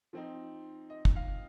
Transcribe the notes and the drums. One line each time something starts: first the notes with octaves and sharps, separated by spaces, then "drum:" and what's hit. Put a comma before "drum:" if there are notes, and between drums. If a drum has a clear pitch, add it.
F3 C4 D#4
D#5
drum: kick
F5